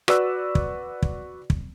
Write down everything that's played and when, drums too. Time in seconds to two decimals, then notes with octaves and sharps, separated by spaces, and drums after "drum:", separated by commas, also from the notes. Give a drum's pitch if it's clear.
0.08 F#4 B4 D5 E6 F#6, drum: rim click
0.55 drum: kick
1.02 drum: kick
1.50 drum: kick